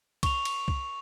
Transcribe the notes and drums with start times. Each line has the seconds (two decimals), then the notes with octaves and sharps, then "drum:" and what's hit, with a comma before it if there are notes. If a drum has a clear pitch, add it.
0.23 C#6 F7, drum: kick C2, cymbal
0.45 drum: cymbal
0.68 drum: kick C2